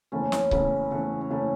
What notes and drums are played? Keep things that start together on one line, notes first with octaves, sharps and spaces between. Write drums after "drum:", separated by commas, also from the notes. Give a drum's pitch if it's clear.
F#1 E2 C#3 A3 C#4
C#4, drum: snare
F#1 E2 C#3 A3 E4, drum: kick C#1
F#1 E2 C#3 A3 F#4
C#4
F#1 C#3 A3 E4